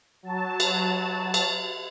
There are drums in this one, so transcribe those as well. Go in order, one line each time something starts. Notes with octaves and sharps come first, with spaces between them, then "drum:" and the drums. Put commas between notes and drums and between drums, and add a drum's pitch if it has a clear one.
F#3 A5
drum: cymbal
drum: cymbal